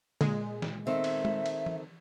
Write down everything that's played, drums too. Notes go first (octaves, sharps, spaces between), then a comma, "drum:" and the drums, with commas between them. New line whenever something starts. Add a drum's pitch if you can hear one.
A#2 D3 G#3, drum: cymbal
drum: snare
D#3 C4 A4 E5
drum: cymbal
drum: tom G#3
drum: cymbal
drum: tom E3